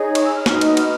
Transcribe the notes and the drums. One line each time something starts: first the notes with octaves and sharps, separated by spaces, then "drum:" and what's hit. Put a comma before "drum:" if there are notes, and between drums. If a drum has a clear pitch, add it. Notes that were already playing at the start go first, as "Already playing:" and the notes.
Already playing: D#4 G#4 C#5
C#6, drum: cymbal
E6
F6
D#4 F#4 B4, drum: snare
drum: cymbal
drum: cymbal